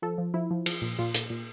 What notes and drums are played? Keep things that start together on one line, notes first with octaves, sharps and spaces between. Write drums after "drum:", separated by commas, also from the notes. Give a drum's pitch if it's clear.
F3 A4
F3
F3 E4
F3
F3, drum: cymbal
A#2
A#2 F4
A#2, drum: hi-hat
A#2